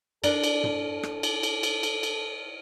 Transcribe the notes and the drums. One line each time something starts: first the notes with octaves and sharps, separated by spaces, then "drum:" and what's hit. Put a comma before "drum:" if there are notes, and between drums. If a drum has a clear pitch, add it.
D4 A4 A#4 D5, drum: cymbal
drum: cymbal
drum: tom
drum: rim click
drum: cymbal
drum: cymbal
drum: cymbal
drum: cymbal
drum: cymbal